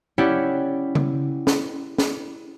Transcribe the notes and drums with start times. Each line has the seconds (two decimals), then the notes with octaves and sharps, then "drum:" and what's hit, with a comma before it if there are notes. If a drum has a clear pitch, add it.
0.18 C#4 E4 G4 D5 F#5
0.95 drum: tom C#3
1.47 drum: snare
1.98 drum: snare